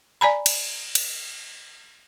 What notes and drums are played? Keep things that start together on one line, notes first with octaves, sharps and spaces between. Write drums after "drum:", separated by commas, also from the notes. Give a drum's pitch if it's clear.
D5 G#5 A#5 B5
drum: cymbal
drum: cymbal